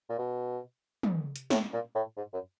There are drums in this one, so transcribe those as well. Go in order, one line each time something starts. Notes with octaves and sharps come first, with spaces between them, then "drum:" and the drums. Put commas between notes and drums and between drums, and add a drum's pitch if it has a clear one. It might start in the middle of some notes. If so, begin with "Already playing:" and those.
A#2
B2
drum: tom
drum: hi-hat
A2, drum: snare
A#2
A2
G#2
F#2